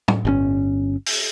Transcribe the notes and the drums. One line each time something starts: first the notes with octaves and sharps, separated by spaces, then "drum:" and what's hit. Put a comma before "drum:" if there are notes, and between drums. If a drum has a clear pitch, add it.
drum: tom
G1 B2 C#4
drum: open hi-hat